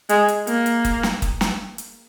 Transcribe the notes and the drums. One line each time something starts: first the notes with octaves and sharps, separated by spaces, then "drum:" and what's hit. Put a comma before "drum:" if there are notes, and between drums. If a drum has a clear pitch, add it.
G#3, drum: hi-hat
drum: hi-hat
A#3, drum: hi-hat
drum: hi-hat
drum: kick, hi-hat
drum: snare
drum: kick, hi-hat
drum: snare
drum: hi-hat